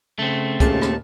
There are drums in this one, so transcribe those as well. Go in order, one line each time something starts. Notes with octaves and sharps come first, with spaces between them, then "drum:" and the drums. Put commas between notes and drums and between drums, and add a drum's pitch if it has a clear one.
C#3 A3 C4
D#2 A#2 C#3 G#3 A#3 A5, drum: kick, hi-hat
drum: rim click